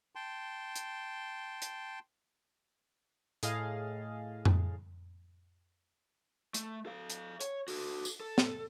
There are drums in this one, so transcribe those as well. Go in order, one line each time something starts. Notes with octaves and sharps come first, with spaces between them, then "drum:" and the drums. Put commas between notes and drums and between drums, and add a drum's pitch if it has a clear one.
G5 A5 C6
drum: hi-hat
drum: hi-hat
A2 G#4 D#5 F5 A6, drum: hi-hat
drum: tom F2
A3, drum: hi-hat
A4 F5
drum: hi-hat
C#5, drum: hi-hat
F#4 A4, drum: open hi-hat
drum: tambourine
A4
drum: snare